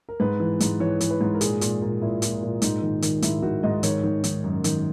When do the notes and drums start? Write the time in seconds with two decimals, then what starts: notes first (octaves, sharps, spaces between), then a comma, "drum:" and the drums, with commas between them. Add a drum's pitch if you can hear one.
0.09 A#4
0.20 G#2 B4
0.40 E3
0.60 G#2, drum: hi-hat
0.80 E3 C#5
1.01 E3, drum: hi-hat
1.10 B4
1.21 G#2
1.35 A#4
1.41 A#2 G#4, drum: hi-hat
1.61 A#2, drum: hi-hat
1.82 A#2
2.02 A#2 E4
2.22 A#2, drum: hi-hat
2.42 A#2
2.62 G#2 D#4, drum: hi-hat
2.83 D#3
3.02 D#3, drum: hi-hat
3.22 G#2 E4, drum: hi-hat
3.42 D#3 F#4
3.63 G#2 D#5
3.83 D#3 C#5, drum: hi-hat
4.04 D#3
4.24 D#3, drum: hi-hat
4.44 F#2
4.64 D#3, drum: hi-hat